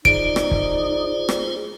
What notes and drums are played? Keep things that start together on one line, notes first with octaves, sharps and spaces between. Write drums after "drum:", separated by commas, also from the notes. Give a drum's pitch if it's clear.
D#4 F4 G#4 C5 D5 D7, drum: kick
drum: rim click
drum: kick
drum: rim click